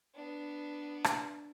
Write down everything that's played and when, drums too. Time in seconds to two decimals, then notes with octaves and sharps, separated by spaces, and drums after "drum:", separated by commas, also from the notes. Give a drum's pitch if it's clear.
0.14 B3 D4
1.04 drum: rim click